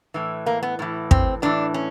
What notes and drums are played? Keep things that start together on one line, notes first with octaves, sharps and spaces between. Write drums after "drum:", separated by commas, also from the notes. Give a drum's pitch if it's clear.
A2 E3
A#3
B3
A2 E3
C4, drum: kick
A2 E3 D4
C#4